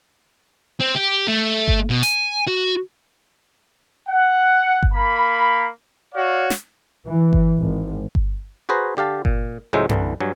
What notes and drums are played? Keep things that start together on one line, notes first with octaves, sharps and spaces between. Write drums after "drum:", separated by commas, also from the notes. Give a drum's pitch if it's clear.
C4
G4
A3
drum: kick G1
B2
G#5, drum: hi-hat
F#4
F#5
drum: kick G1
A#3 B5
F#4 C#5 D5 F5
drum: snare
E3
drum: kick G1
G#1
drum: kick G1
F#4 G#4 B4 C5 A#5
D3 G4 F5 A5
A#2, drum: kick G1
C#2 A2 F#3 G#3 C5 E5
C2 D3 E3, drum: tom F#2
G2 F#3 G#5